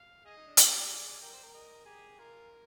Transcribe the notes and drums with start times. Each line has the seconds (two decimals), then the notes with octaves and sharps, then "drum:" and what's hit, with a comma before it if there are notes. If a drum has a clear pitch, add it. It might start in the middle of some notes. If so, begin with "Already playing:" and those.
Already playing: F5
0.25 G#4 D#5
0.37 D#4
0.47 D4
0.57 D4 D5, drum: hi-hat
0.74 G4
0.86 G4
0.89 G#4 D5
1.21 A#4 G5
1.33 C5
1.43 A#4
1.54 D#5
1.86 G4 G#4
2.19 F4 A#4